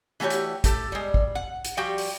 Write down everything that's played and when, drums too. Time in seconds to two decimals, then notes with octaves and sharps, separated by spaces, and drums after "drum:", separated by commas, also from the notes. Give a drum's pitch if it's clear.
0.20 E3 A3 F#4 G4 C#5
0.30 drum: hi-hat
0.64 A3 G4 A4, drum: kick, hi-hat
0.92 G3 G#3
1.14 drum: kick
1.35 F#5
1.65 drum: hi-hat
1.77 F3 G3 F#4 G4 G5
1.98 drum: open hi-hat